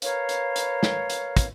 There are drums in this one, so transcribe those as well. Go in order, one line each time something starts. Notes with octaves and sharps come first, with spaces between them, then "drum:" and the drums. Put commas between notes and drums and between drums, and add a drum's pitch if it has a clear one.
A#4 B4 C#5 F5, drum: hi-hat
drum: hi-hat
drum: hi-hat
drum: snare
drum: hi-hat
drum: kick, hi-hat